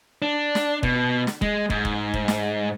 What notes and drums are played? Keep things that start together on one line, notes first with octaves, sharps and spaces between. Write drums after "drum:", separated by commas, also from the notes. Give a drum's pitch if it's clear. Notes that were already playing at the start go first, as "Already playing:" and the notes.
D4
drum: snare
B2, drum: kick
drum: snare
G#3, drum: kick
G#2, drum: kick
drum: kick
drum: kick
drum: snare